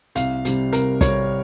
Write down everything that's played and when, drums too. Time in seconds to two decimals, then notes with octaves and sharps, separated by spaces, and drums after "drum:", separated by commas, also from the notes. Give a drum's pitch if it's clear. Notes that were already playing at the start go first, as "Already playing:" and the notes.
0.15 C2 F5, drum: hi-hat
0.45 C3 G3, drum: hi-hat
0.73 C2 A#4, drum: hi-hat
1.01 C3 G3 C#5, drum: kick, hi-hat